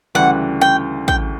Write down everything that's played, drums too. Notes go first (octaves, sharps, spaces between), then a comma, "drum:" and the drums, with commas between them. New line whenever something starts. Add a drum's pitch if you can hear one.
D2 C#3 E3 G3 F#5
G5
G5, drum: kick